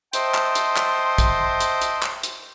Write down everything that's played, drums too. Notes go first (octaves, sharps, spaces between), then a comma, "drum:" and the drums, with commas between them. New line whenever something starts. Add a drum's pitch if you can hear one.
C5 D#5 E5 G5 A5 C6, drum: hi-hat
drum: clap
drum: hi-hat
drum: clap
drum: kick, hi-hat
drum: hi-hat
drum: hi-hat
drum: clap
drum: hi-hat